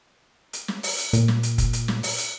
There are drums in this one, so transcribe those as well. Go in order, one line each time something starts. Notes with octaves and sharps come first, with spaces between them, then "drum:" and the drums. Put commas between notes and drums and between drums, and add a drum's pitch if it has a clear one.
drum: hi-hat
drum: snare
drum: open hi-hat
drum: hi-hat
A#2, drum: hi-hat
drum: snare
drum: hi-hat
drum: kick, hi-hat
drum: hi-hat
drum: snare
drum: open hi-hat
drum: hi-hat